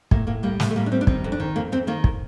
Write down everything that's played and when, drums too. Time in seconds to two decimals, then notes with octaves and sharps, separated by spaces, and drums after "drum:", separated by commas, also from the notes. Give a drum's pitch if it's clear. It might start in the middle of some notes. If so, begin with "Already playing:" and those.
0.11 A2 A#3, drum: kick
0.27 A2 A#3
0.43 G3 A#3
0.60 A2 A#3, drum: snare
0.70 A3
0.76 G3 A#3
0.86 D4
0.92 G3 C4
1.01 D4
1.07 D#3 C4, drum: kick
1.24 F2
1.32 D4
1.40 D#3
1.56 F2 A#3
1.72 F2 C4
1.87 D#3 A#3
2.04 drum: kick